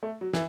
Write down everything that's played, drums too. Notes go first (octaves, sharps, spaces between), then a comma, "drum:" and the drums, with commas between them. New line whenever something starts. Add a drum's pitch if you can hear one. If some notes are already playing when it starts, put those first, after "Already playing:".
A3
F#3
E3, drum: snare